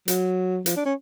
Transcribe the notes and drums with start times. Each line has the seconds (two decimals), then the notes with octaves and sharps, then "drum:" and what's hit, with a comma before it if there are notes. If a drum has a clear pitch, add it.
0.08 F#3, drum: hi-hat
0.66 F3, drum: hi-hat
0.76 D4
0.85 C#4